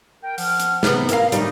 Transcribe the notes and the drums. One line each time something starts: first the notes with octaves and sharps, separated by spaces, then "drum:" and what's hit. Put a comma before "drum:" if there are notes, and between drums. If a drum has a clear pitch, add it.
A#4 G5
F3 F#5 F6, drum: open hi-hat
drum: hi-hat
C3 B3, drum: snare
E4 A#4 F5, drum: hi-hat
D2 C3 G3 D#4, drum: hi-hat